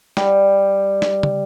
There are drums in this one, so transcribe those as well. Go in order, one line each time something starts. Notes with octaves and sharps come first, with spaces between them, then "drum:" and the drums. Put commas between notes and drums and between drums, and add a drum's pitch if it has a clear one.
G3, drum: snare
drum: snare
drum: tom